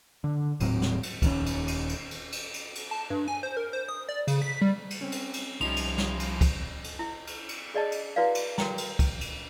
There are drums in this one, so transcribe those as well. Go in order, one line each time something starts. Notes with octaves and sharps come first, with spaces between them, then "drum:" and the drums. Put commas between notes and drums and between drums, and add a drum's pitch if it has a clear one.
D3
D#1 A2 F#3 C4, drum: cymbal
drum: snare
drum: cymbal
D#1 D#3 C#4, drum: kick, cymbal
drum: cymbal
drum: cymbal
drum: cymbal
drum: cymbal
drum: cymbal
drum: cymbal
drum: cymbal
A5
G2
G#5
C5
A#4
C5
D#6
D5
C#3, drum: cymbal
B6
G3
drum: cymbal
C4 C#4
drum: cymbal
drum: cymbal
C2 F3 G3 C#4 D#4 E4 F7
drum: cymbal
drum: snare
drum: cymbal
drum: kick, cymbal
drum: cymbal
E4
drum: cymbal
drum: cymbal
G#4 D5 D#5 A5
drum: cymbal
E4 F#4 B4 D5 F5
drum: cymbal
F#4 A#4 G5 A#5, drum: snare
drum: cymbal
drum: kick, cymbal
drum: cymbal